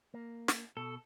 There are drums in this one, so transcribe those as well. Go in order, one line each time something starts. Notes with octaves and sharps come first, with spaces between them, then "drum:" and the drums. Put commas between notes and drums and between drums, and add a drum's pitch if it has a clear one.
A#3
drum: snare
B2 A4